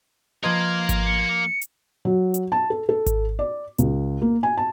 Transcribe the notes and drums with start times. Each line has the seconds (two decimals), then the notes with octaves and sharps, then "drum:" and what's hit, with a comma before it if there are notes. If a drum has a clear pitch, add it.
0.44 F3 A#3 A#4 B4 D#5 C6 G#6
0.89 drum: kick G#1, hi-hat
1.06 C#7
1.61 drum: hi-hat
2.05 F#3
2.34 drum: hi-hat
2.52 A5
2.70 A4
2.89 A4
3.06 drum: kick G#1, hi-hat
3.39 D5
3.78 C#2, drum: hi-hat
4.22 A#3
4.43 G#5
4.57 A5